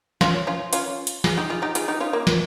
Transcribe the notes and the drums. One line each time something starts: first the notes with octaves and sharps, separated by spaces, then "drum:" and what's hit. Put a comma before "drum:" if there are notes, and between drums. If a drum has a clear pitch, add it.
C#4 F4, drum: snare
C#4 F4
C#4 F4, drum: hi-hat
drum: hi-hat
F4 G#4, drum: snare
D#4 G4
F4 G#4
D#4 G4
F4 G#4, drum: hi-hat
D#4 G4
C#4 F4
A#3
drum: snare